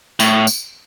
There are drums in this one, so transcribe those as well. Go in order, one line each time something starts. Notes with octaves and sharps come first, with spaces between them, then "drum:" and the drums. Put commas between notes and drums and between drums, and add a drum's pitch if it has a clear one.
A2, drum: tambourine
drum: tambourine